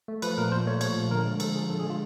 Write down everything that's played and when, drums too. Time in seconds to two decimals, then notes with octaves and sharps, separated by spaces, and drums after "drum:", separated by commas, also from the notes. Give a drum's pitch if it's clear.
0.08 A3
0.22 F3 B4, drum: cymbal
0.38 A#2 A#4
0.52 A#2 C5
0.67 A3 C#5
0.81 F3 C#5, drum: cymbal
0.96 A#2
1.11 D3 A#4
1.25 G#3
1.40 F3 A4, drum: cymbal
1.55 D3 G#4
1.69 D3 A4
1.80 G#4
1.84 G#3
1.90 F4